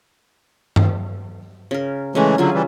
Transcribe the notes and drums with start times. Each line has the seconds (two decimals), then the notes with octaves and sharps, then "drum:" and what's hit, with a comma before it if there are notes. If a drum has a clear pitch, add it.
0.76 drum: tom G2
1.71 C#3 A#4
2.15 C#3 E3 G#3 A3 C#4 A#5
2.38 D3 F#3 F4 G#4 E5
2.54 E3 G3